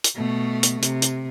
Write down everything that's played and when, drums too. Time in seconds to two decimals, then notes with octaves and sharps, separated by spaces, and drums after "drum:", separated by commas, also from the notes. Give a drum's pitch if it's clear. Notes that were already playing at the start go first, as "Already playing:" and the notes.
0.04 drum: hi-hat
0.16 B2 A3
0.63 drum: hi-hat
0.83 C3, drum: hi-hat
1.02 drum: hi-hat